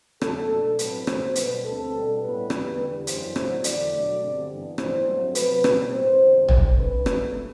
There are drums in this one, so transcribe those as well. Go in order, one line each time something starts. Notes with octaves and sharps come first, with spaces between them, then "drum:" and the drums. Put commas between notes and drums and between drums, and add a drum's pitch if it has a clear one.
F#2 F#3 A3 D4 A4, drum: rim click
B2 A3 D4
A2 F#3 C4 B4, drum: hi-hat
G2 F#3 A3 C5, drum: rim click
B2 G3 D4 B4, drum: hi-hat
D2 D3 A3 C4 A4
B2 G3 D4
A2 G3 B3 B4
E2 D3 G3, drum: rim click
E2 D3 G3
F#2 E3 A3 D4 C5, drum: hi-hat
A2 F#3 A3 D4, drum: rim click
E2 D3 A3 D4 D5, drum: hi-hat
B2 F#3 A3 D4
G2 D3 G3 C4
G2 E3 B3
A2 E3 G3 D4 C5, drum: rim click
G2 F#3 A3 C4
C3 F#3 B3 B4, drum: hi-hat
B2 G3 C4, drum: rim click
A2 G3 C4 C5
E2 D3 G3
F#2 D3 A3 D4 C5, drum: tom
C3 G3 C4 B4
G2 F#3 A3 D4, drum: rim click